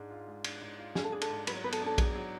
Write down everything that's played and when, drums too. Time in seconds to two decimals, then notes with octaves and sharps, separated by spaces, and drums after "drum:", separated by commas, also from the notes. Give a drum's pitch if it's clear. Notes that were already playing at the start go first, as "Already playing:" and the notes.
Already playing: G#2 G#3 D4
0.11 F4
0.28 G#3
0.44 D4, drum: cymbal
0.61 G#2
0.79 F4
0.95 G#3 G#4, drum: snare
1.04 A4
1.12 D4 G#4
1.21 A4, drum: cymbal
1.30 G#2
1.47 F#3 B4, drum: cymbal
1.55 C#5
1.64 B3 B4
1.72 A4, drum: cymbal
1.81 D4
1.86 A4
1.98 F#3 G#4, drum: kick A#1, cymbal
2.15 F#3